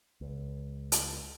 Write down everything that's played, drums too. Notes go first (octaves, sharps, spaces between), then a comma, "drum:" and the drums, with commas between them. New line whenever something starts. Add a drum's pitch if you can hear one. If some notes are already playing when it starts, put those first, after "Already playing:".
C#2
drum: hi-hat